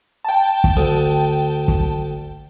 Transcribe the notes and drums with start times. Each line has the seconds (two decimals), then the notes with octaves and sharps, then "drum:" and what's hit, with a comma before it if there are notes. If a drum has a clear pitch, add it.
0.25 G5 A5
0.64 drum: kick
0.77 D2
1.68 drum: kick